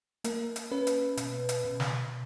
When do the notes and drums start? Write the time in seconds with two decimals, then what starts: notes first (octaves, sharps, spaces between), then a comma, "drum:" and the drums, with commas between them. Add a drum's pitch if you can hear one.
0.24 A#3 A#4, drum: hi-hat
0.56 drum: hi-hat
0.71 C#4 B4
0.87 drum: hi-hat
1.17 B2, drum: hi-hat
1.49 drum: hi-hat
1.65 B2
1.80 drum: snare